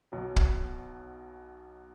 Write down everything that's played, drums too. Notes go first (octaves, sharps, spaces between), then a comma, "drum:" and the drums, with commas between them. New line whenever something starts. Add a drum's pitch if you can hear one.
B1 B2 F#3
drum: kick